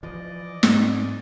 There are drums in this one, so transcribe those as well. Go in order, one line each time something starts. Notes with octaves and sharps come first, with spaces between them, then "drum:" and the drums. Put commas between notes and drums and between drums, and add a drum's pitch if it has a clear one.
E3 F3 D5 D#5
G#2 C4, drum: snare